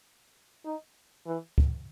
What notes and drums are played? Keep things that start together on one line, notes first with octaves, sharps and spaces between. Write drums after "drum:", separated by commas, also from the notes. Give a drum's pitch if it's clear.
D#4
E3
drum: kick